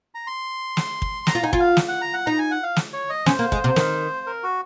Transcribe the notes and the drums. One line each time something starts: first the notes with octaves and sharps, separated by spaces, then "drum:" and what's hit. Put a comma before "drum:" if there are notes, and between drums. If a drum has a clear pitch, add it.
A#5
C6
drum: snare
drum: kick
A#5, drum: snare
F4
D#4 G#5
F4, drum: kick
F5
drum: snare
F#5
A#5
F#5
D#4 A#5
G#5
F#5
F5
drum: snare
C#5
D#5
C#4 C5, drum: snare
A#3
G#3, drum: kick
C3
D#3, drum: snare
A#4
F#4